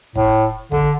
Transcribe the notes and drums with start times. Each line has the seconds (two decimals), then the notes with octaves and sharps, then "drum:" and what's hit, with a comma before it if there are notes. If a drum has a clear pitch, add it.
0.15 A2, drum: kick
0.72 D3, drum: kick